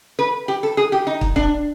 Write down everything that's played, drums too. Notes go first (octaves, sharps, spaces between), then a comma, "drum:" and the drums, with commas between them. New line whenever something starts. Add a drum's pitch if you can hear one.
B4
G4
A4
G#4
G4
D#4
drum: kick
D4, drum: kick